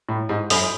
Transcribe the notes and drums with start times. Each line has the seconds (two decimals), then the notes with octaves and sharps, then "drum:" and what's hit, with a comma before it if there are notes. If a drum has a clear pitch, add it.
0.09 A2 E4
0.29 G#2
0.50 F#2 A4 C#5 G#5 B5, drum: open hi-hat